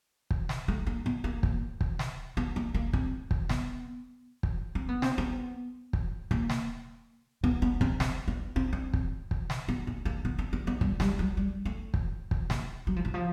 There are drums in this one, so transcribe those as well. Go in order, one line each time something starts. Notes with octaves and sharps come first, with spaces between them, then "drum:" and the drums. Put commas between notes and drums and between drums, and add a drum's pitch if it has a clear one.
drum: kick
drum: snare
A3
A#3
B3
A#3
drum: kick
drum: kick
drum: snare
B3
A#3
A#3
C4, drum: kick
drum: kick
B3, drum: snare
drum: kick
C4
B3
C4, drum: snare
B3
drum: kick
A#3, drum: kick
drum: snare
B3, drum: kick
B3
C4, drum: kick
C4, drum: snare
B3
C4
C4
drum: kick
drum: kick
drum: snare
B3
A#3
A#3
B3
C4
B3
B3
G3, drum: kick
G3, drum: snare
F#3
G3
A3
drum: kick
drum: kick
A#3, drum: snare
F#3
F3
E3
F3